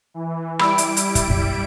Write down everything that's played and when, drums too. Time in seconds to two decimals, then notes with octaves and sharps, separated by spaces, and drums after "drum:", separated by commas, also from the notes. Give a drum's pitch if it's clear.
0.14 E3
0.59 G3 E4 B5 E6 D7, drum: rim click
0.78 drum: hi-hat
0.97 drum: hi-hat
1.15 drum: kick, hi-hat
1.28 B1 F#2